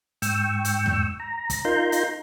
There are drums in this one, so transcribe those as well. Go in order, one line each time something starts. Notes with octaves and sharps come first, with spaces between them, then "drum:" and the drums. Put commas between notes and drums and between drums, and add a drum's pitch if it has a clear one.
G#2 G5 C#6 E6, drum: hi-hat
drum: hi-hat
drum: tom E2
A#5
drum: kick, hi-hat
D#4 F4 A#4 A#5 C6 G6
drum: hi-hat